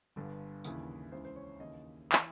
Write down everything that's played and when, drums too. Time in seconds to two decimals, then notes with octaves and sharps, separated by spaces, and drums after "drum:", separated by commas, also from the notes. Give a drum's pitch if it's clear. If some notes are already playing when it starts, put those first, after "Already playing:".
0.16 G1 G2 D3
0.64 D#2 C#3 E3, drum: tambourine
1.12 C#2 C#3 E3 C5
1.25 C5
1.36 C#5
1.60 D#2 C#3 E3 D#5
2.12 E3, drum: clap